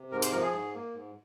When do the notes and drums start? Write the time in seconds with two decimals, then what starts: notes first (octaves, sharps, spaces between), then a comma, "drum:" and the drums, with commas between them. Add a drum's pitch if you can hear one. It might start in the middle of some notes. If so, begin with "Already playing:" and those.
Already playing: C3
0.12 G#2 A#4
0.22 C5, drum: hi-hat
0.32 F3 A#4
0.42 G#4
0.52 G#2
0.74 A#3
0.94 G#2